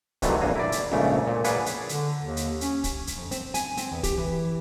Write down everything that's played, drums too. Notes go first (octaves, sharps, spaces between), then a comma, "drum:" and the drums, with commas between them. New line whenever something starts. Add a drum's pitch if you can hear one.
C3 D#3 E3 F#3 G3 A3, drum: kick, hi-hat
A#1 E2 F5 G#5 A#5
E4 D5
drum: hi-hat
A#1 G#2 C#3 A3
A#2
G#4 B4 C#5 D5 F5 F#5, drum: hi-hat
drum: hi-hat
D3, drum: hi-hat
D#2
drum: hi-hat
C#4, drum: hi-hat
drum: kick, hi-hat
drum: hi-hat
F2
C4, drum: hi-hat
G#5, drum: hi-hat
C4, drum: hi-hat
E2
G4, drum: kick, hi-hat
E3